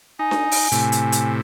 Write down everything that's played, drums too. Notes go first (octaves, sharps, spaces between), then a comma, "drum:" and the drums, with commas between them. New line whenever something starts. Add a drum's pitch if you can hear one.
D#4 G#5
drum: snare D4
drum: open hi-hat
A2 C3, drum: hi-hat
drum: hi-hat
drum: hi-hat